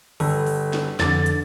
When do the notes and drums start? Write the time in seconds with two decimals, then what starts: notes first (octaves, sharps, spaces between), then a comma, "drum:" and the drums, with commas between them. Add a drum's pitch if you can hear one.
0.20 G1 A4, drum: open hi-hat
0.47 drum: open hi-hat
0.73 drum: snare
1.00 F2 D3 A6, drum: snare
1.26 drum: hi-hat